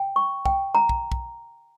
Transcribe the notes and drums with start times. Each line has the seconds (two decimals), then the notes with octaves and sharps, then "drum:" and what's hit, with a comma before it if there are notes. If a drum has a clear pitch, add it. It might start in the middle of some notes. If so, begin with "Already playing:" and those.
Already playing: G5
0.16 C#6
0.45 G5, drum: kick
0.75 A#5
0.89 drum: kick
1.12 drum: kick